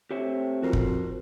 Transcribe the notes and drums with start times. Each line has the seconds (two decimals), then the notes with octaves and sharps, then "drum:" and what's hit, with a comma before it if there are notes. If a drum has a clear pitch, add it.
0.11 A3 C4 G4 C#5 E5
0.62 F2 F#4 A#4 C5
0.73 drum: kick